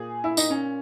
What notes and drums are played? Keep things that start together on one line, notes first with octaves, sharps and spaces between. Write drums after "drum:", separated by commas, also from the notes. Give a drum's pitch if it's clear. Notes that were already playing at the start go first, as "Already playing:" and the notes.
Already playing: A#2 G#4
E4
D#4, drum: tambourine
C#4